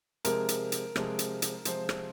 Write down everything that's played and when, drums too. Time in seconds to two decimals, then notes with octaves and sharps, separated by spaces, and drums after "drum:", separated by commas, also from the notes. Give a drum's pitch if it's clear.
0.25 C3 F3 G#3 A#4, drum: hi-hat
0.49 drum: hi-hat
0.72 drum: hi-hat
0.96 C3 F3 G#3, drum: rim click
1.19 drum: hi-hat
1.42 drum: hi-hat
1.65 C3 F3 G#3 C5, drum: hi-hat
1.89 drum: rim click